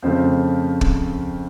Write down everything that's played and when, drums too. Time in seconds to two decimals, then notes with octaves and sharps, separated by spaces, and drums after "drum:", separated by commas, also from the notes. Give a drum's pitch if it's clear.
0.02 F2 C#3 F3 A3 C5
0.81 drum: kick